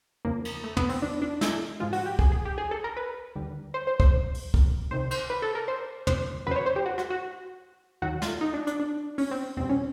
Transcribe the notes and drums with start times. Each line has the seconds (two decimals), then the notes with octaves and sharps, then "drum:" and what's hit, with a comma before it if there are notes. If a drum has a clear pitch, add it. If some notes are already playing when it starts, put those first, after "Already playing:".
0.25 E2 C#3 F3 A#3
0.45 drum: cymbal
0.64 A3
0.77 B3, drum: tom
0.89 C4, drum: open hi-hat
1.02 D4
1.22 D4
1.41 E4, drum: snare
1.80 G#2 F3 G#3 F4
1.93 F#4, drum: open hi-hat
2.06 G4
2.19 G#4, drum: kick
2.32 G#4
2.45 G4
2.58 G#4
2.71 A4
2.84 A#4
2.97 B4
3.36 D#2 D3 G3
3.74 C5
3.87 C5
4.00 C5, drum: kick
4.34 drum: open hi-hat
4.54 drum: kick
4.91 C2 C3 D#3 C5
5.11 C5, drum: cymbal
5.30 B4
5.42 A4
5.55 A#4
5.68 C5
6.07 C5, drum: tom
6.46 E2 C#3 F#3 B4 C5
6.56 C#5
6.66 C5
6.76 G4
6.86 F#4
6.98 F#4, drum: rim click
7.10 F#4
8.02 D#2 D#3 F#3 F#4
8.22 F4, drum: snare
8.41 D#4
8.54 D4
8.67 D4, drum: hi-hat
8.80 D4
9.18 C#4, drum: open hi-hat
9.31 C4
9.57 E2 B2 G3 C4
9.69 C#4